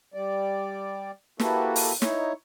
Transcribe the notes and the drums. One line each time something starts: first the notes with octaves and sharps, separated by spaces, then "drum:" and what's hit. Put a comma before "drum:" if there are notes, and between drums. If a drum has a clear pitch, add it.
G3 D5
A#3 E4 F#4 G4 A4 B4, drum: snare
drum: open hi-hat
D#4 E4 C#5, drum: snare